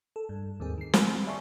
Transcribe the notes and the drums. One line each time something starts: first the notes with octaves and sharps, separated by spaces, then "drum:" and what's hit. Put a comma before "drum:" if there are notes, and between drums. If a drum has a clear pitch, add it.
A4
G2
D#2 G#2 C4 G#4
D#3 C7
C4, drum: snare
D5 E5 G#5 A5 C6 C#6